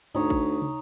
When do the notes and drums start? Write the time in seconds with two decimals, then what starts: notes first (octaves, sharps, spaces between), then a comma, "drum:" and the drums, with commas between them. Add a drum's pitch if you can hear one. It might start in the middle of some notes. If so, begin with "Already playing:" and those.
0.15 D2 D#4 C#5, drum: tom G2
0.30 drum: kick
0.62 drum: tom